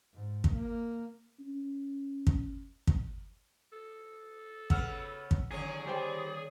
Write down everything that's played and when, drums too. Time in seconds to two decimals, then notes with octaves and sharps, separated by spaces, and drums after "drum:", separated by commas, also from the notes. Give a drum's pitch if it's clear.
0.14 G#2
0.44 drum: kick
0.53 A#3
1.40 C#4
2.27 drum: kick
2.87 drum: kick
3.72 A4
4.70 C#3 B3 F#5 E6 F6, drum: kick
5.31 drum: kick
5.51 D#2 D3 F#3 C#4 G#4
5.86 G3 C5 D5 G5